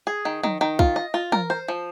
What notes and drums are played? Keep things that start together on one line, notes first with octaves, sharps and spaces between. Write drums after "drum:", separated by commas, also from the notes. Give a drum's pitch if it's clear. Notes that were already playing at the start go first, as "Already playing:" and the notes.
G#4
D#3
D#3, drum: tom F3
D#3
F4, drum: kick
D#5
F4
A#4, drum: tom
C5
F3